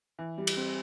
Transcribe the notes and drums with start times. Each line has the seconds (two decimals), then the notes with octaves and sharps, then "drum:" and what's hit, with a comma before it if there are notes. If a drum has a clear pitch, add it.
0.19 E3
0.38 G3
0.47 drum: cymbal
0.57 C4